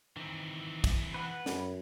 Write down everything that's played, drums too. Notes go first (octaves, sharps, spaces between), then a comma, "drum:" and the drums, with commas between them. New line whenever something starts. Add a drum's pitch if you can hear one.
D#3 E3 C4
drum: kick, cymbal
B4 F#5
F#2, drum: snare